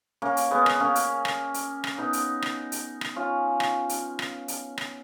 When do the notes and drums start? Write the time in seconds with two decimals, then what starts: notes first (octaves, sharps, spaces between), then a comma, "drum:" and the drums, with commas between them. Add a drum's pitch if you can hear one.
0.22 A#3 C#4
0.37 drum: hi-hat
0.51 G#3 B3
0.66 drum: rim click
0.80 A#3 C#4
0.96 drum: hi-hat
1.25 drum: rim click
1.54 drum: hi-hat
1.84 drum: rim click
1.98 B3 D#4
2.13 drum: hi-hat
2.42 drum: rim click
2.72 drum: hi-hat
3.01 drum: rim click
3.16 C#4 F4
3.60 drum: rim click
3.89 drum: hi-hat
4.19 drum: rim click
4.48 drum: hi-hat
4.78 drum: rim click